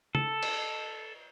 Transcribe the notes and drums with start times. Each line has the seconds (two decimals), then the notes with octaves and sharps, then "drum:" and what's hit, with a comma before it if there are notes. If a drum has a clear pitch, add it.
0.15 A4, drum: tom
0.43 drum: cymbal